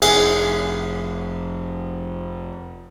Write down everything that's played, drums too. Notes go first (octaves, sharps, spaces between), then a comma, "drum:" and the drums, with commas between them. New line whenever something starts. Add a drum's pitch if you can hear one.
F1 G#4, drum: cymbal